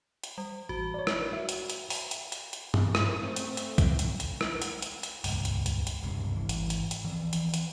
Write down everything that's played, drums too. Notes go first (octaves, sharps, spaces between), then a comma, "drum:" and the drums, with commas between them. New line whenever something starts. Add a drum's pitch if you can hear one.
drum: hi-hat
G3
A1 F#4
C#5 D5
drum: rim click
E5
drum: hi-hat
drum: hi-hat
drum: open hi-hat
drum: hi-hat
drum: hi-hat
drum: hi-hat
drum: tom G2
drum: rim click
A3 C4
drum: hi-hat
drum: hi-hat
drum: kick, hi-hat
drum: hi-hat
drum: hi-hat
drum: rim click
drum: hi-hat
drum: hi-hat
drum: hi-hat
D#1 C#2 G2, drum: open hi-hat
drum: hi-hat
drum: hi-hat
drum: hi-hat
D#1 C#2 G2 C3
G#1 E3
drum: hi-hat
drum: hi-hat
drum: hi-hat
E3 F3 C4
drum: hi-hat
drum: hi-hat